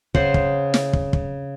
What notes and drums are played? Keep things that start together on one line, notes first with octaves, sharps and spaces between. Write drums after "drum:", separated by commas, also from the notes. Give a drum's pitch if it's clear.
C#3 C5 F#5 C6, drum: kick
drum: kick
drum: snare
drum: kick
drum: kick